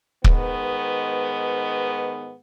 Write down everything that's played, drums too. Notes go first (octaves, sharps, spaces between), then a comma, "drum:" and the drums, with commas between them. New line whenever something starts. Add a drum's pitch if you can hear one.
G#2 D#3 B3 B4, drum: kick